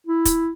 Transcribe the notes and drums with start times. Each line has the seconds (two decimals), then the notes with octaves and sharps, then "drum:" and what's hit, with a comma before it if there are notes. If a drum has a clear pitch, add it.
0.07 E4
0.25 drum: kick, hi-hat